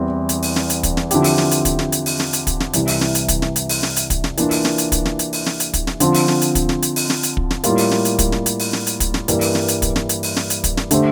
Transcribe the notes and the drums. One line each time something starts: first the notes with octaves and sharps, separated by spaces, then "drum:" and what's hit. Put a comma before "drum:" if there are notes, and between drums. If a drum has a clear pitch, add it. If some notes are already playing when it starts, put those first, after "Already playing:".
Already playing: E2 E3 G3 C4
drum: hi-hat
drum: open hi-hat
drum: snare
drum: hi-hat
drum: kick, hi-hat
drum: snare
D3 F3 C4 E4 G4, drum: hi-hat
drum: open hi-hat
drum: snare
drum: hi-hat
drum: kick, hi-hat
drum: snare
drum: hi-hat
drum: open hi-hat
drum: snare
drum: hi-hat
drum: kick, hi-hat
drum: snare
C2 C3 E3, drum: hi-hat
drum: open hi-hat
drum: snare
drum: hi-hat
drum: kick, hi-hat
drum: snare
drum: hi-hat
drum: open hi-hat
drum: snare
drum: hi-hat
drum: kick, hi-hat
drum: snare
E3 A#3 D4 F4, drum: hi-hat
drum: open hi-hat
drum: snare
drum: hi-hat
drum: kick, hi-hat
drum: snare
drum: hi-hat
drum: open hi-hat
drum: snare
drum: hi-hat
drum: kick, hi-hat
drum: snare
D3 F3 C4 F4, drum: hi-hat
drum: open hi-hat
drum: snare
drum: hi-hat
drum: kick, hi-hat
drum: snare
drum: hi-hat
drum: open hi-hat
drum: snare
drum: hi-hat
drum: kick
drum: snare
A2 G3 A#3 F4 A#4, drum: hi-hat
drum: open hi-hat
drum: snare
drum: hi-hat
drum: kick, hi-hat
drum: snare
drum: hi-hat
drum: open hi-hat
drum: snare
drum: hi-hat
drum: kick, hi-hat
drum: snare
G2 E3 G3 A#3, drum: hi-hat
drum: open hi-hat
drum: snare
drum: hi-hat
drum: kick, hi-hat
drum: snare
drum: hi-hat
drum: open hi-hat
drum: snare
drum: hi-hat
drum: kick, hi-hat
drum: snare
D3 A3 D4 G4 C5, drum: hi-hat